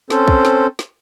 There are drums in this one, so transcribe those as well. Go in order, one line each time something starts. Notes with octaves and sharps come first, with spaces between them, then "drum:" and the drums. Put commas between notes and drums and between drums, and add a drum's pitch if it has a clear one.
C4 C#4 A4 C5, drum: snare
drum: kick
drum: snare
drum: snare